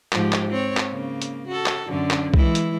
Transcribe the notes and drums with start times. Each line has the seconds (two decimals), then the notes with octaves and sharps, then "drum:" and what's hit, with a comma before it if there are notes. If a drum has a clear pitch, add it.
0.12 G#2 F3 G4, drum: clap
0.33 drum: clap
0.51 C4 C#5
0.77 drum: clap
0.90 C#3 A#3
1.22 drum: hi-hat
1.48 F#4 A4
1.66 drum: clap
1.88 F#2 D3 C#4
2.11 drum: clap
2.34 E3 G#3 E4, drum: kick B1
2.55 drum: hi-hat